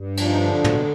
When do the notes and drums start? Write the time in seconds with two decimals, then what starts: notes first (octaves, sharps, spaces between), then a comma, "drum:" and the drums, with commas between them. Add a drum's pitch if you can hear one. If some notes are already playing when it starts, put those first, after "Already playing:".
Already playing: G2
0.17 F3 D4, drum: cymbal
0.28 D#4
0.36 D4
0.41 D3
0.64 B2, drum: tom